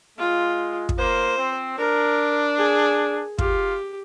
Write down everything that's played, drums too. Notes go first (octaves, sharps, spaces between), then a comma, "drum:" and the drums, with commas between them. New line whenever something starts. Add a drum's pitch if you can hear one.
G#3 F4
drum: kick
A#3 C5
C4
D4 A#4
G#4
F4 G4, drum: kick